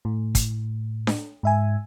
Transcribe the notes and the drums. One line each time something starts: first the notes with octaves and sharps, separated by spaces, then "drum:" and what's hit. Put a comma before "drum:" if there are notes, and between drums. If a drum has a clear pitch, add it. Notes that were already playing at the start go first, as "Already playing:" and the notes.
A2
drum: kick, hi-hat
drum: snare D4
G#2 E5 G#5